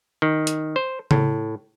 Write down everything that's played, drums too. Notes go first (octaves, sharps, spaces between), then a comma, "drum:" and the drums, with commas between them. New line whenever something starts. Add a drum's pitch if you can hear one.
D#3
drum: hi-hat
C5
A2, drum: tom C#3